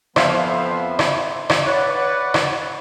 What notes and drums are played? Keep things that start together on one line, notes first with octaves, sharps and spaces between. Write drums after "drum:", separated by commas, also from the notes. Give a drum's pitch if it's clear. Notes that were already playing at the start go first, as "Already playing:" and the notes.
F2 F3 B3 C5 E5 F5, drum: rim click
drum: rim click
drum: rim click
B4 C#5 D5 F#5
drum: rim click